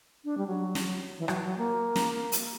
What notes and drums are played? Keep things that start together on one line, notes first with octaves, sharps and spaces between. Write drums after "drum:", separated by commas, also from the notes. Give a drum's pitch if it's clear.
D4
G3
F#3
drum: snare
E3
F#3, drum: rim click
F#3
A#3
drum: snare
drum: hi-hat